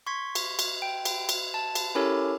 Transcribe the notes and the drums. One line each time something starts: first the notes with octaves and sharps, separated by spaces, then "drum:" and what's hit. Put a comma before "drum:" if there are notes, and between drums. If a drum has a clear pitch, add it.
C6 C#6 G#6 B6
drum: cymbal
drum: cymbal
G5
drum: cymbal
drum: cymbal
A5
drum: cymbal
C#4 E4 G4 A4 A#4 C#5